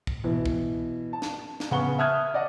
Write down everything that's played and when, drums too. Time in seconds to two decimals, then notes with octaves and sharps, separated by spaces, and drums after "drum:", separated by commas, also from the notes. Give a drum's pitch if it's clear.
0.07 drum: kick
0.24 B2 E3
0.46 drum: kick
1.13 A5
1.22 drum: snare
1.60 drum: snare
1.71 C#3 B3 F#5 C#6 G7
1.98 E5 A5 D#6 F6 F#6 G#6
2.34 D5 D#5 F#5